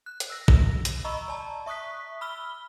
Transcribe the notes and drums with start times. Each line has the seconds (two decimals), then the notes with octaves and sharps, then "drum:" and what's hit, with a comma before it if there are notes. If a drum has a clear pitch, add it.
0.06 F#6
0.20 drum: hi-hat
0.30 E6 A#6
0.48 drum: kick
0.85 drum: hi-hat
1.05 D#5 A#5 B5 C#6 E6
1.28 D5 A5 A#5
1.66 E5 C#6 D#6 F#6 B6
2.21 B5 E6 F6 G7